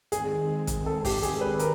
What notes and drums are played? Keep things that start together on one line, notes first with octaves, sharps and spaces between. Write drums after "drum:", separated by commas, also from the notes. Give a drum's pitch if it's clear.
D#3 G#3 C4 G#4, drum: hi-hat
drum: kick A1, hi-hat
A4
G4, drum: kick A1, open hi-hat
G#4, drum: hi-hat
B4
A#4, drum: hi-hat